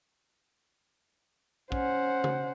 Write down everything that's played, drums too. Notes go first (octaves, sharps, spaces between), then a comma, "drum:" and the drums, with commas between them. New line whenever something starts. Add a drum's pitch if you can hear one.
C#4 C5 F#5, drum: kick
drum: tom C#3